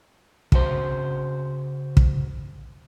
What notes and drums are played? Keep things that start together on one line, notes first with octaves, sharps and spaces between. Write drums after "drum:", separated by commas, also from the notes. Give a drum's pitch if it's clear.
C#3 F#4 C5, drum: kick
drum: kick